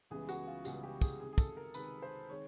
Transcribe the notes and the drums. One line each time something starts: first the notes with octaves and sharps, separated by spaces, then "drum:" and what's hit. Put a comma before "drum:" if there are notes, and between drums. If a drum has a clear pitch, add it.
C#2 C#3 E3 G3 B3 G#4
F#4, drum: tambourine
F4
C#2 C#3 E3 G3 B3 F#4, drum: tambourine
G4
G#4, drum: kick, tambourine
C3 D#3 G#3 G#4
G#4
A4, drum: kick, tambourine
A#4
C3 D#3 G#3 B4, drum: tambourine
C5
D#3 G#3 C4 C#5